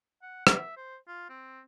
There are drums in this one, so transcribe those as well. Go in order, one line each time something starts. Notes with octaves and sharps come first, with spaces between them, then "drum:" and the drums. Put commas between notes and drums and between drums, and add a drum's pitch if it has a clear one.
F#5
E5, drum: rim click
C5
F4
C4